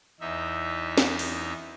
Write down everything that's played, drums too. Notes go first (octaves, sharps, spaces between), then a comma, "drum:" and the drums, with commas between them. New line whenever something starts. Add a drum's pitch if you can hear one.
E2 D#4 E5
drum: snare
drum: open hi-hat